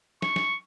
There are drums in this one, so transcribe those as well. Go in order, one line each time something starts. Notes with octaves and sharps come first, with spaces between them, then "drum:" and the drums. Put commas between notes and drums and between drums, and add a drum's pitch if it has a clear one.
C#6, drum: snare
drum: snare